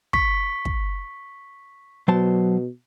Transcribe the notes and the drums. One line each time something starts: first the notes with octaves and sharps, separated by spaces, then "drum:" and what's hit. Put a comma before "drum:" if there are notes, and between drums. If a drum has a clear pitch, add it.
C#6 B6, drum: kick
drum: kick
B2 F#3 C5 A5